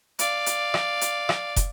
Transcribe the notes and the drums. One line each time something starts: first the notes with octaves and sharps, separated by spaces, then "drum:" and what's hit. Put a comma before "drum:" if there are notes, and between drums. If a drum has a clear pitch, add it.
D5 F5, drum: hi-hat
drum: hi-hat
drum: rim click
drum: hi-hat
drum: rim click
drum: kick, hi-hat